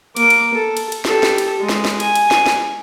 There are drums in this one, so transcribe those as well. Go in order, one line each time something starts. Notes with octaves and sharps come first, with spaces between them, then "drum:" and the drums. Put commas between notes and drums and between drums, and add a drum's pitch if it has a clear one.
A#3 D6, drum: cymbal
drum: cymbal
A4
drum: cymbal
drum: cymbal
G4 A4, drum: snare
drum: snare
drum: cymbal
G#3
drum: snare
drum: snare
G#5, drum: cymbal
drum: cymbal
drum: snare
drum: snare